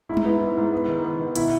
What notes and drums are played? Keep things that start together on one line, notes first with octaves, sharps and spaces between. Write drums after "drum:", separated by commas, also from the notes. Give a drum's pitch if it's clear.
G#2 E4
D#4, drum: tom G3
B3 E4
G#2
G#2
B3
D#3
B3
D#3
B2 E4, drum: hi-hat